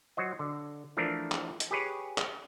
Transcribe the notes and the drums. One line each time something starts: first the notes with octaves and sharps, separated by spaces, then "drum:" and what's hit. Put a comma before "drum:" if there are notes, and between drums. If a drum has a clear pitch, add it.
F#3 F#4 C5 D#5
D3
E3 F3 A3 D4 A#4
drum: clap
drum: hi-hat
G4 G#4 B4 C#5
drum: clap